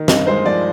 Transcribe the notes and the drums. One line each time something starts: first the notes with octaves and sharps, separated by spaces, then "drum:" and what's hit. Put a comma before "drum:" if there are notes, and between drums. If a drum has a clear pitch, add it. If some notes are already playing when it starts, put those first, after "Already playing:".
Already playing: D#3
G2 D#5, drum: snare
G#3 C5
F3 D5